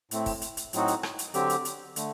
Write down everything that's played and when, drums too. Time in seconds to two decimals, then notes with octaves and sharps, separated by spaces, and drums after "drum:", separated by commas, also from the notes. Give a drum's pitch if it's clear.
0.11 A2 A3 C4, drum: hi-hat
0.26 drum: kick, open hi-hat
0.42 drum: hi-hat
0.57 drum: hi-hat
0.73 A2 F#3 C4 D#4 F#4, drum: hi-hat
0.88 drum: hi-hat
1.03 drum: rim click
1.19 drum: hi-hat
1.34 D3 F#3 C4 G4, drum: hi-hat
1.50 drum: hi-hat
1.65 drum: hi-hat
1.96 D3 A3, drum: hi-hat